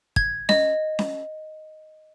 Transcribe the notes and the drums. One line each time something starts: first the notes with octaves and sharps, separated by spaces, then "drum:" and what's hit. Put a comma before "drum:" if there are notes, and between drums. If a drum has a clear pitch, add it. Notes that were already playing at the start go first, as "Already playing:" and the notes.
G#6, drum: kick
D#5, drum: snare C#4
drum: snare C#4